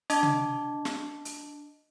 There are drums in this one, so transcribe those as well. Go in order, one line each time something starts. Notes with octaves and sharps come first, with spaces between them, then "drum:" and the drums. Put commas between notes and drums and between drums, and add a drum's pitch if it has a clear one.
D4 D#5 A5 D6, drum: hi-hat
drum: tom C3
drum: snare
drum: hi-hat